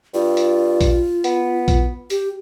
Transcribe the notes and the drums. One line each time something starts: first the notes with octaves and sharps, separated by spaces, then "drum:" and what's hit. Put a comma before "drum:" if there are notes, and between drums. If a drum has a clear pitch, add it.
G2 F4
drum: hi-hat
drum: kick A#1, hi-hat
B3, drum: hi-hat
drum: kick A#1, hi-hat
G4, drum: hi-hat